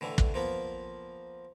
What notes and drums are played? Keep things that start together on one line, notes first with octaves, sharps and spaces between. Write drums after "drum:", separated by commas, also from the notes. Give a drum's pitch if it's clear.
A2 D3 E3
drum: kick
F3 A#3 B3